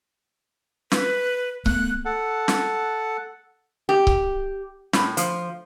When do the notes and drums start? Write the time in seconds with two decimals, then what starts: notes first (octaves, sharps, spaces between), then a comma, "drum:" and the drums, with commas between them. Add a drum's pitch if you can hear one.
0.92 B4, drum: snare
1.66 A3 B3 F#6, drum: kick C#1
2.05 A4 F#5
2.48 drum: snare
3.89 G4
4.07 drum: kick C#1
4.93 A2, drum: snare
5.17 F3, drum: hi-hat